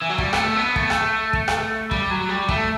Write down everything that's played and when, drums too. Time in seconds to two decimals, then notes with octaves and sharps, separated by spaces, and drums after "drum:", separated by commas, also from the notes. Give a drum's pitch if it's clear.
0.02 E3
0.09 F#3
0.18 G3, drum: kick
0.33 B3, drum: rim click
0.37 A3
0.56 B3
0.76 A3, drum: kick
0.90 drum: rim click
1.33 drum: kick
1.48 drum: rim click
1.91 G3, drum: kick
2.10 F#3
2.29 G3
2.49 A3, drum: kick